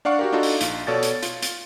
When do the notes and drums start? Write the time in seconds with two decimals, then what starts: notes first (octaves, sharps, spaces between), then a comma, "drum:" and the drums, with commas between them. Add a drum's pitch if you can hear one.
0.05 D4 D5 F5 F#5 C#6
0.19 F#4 G4 A#4
0.32 D4 D#4 F4 F#4 A4
0.43 drum: open hi-hat
0.61 A#1 F4, drum: hi-hat
0.87 B2 A4 C#5 D5 A6
1.03 drum: hi-hat
1.23 F4, drum: hi-hat
1.42 drum: hi-hat